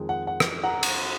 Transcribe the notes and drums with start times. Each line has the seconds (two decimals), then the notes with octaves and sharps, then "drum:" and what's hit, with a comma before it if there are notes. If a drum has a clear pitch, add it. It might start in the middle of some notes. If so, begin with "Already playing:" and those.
Already playing: F2 D#3 G#3
0.09 F#5
0.27 F#5
0.40 drum: rim click
0.64 F#5 A#5
0.83 drum: cymbal